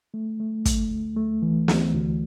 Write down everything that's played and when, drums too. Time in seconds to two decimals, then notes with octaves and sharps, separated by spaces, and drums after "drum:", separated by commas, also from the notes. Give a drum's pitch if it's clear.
0.14 A3
0.40 A3
0.65 A3, drum: kick, hi-hat
0.91 D2
1.16 A3
1.42 E3
1.68 D2, drum: snare
1.94 D2